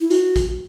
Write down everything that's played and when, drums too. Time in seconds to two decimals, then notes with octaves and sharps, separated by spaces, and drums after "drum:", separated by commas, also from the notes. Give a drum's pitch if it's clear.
0.01 E4
0.10 F#4, drum: hi-hat
0.36 drum: kick, hi-hat